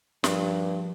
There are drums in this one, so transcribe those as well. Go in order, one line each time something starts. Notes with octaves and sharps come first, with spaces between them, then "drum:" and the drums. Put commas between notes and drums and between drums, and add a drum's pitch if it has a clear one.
A#1 G2, drum: snare